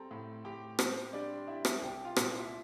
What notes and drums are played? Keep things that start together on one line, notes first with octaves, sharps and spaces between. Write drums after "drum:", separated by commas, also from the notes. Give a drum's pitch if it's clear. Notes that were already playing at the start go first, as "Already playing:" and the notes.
Already playing: G3 C4 A4 A#5
A2
A2 G4 G5
C4 C5, drum: rim click
G3 D4 D5
G3 E4 E5
drum: rim click
C2 G4 G5
F4 F5
A#2, drum: rim click
E4 E5
E5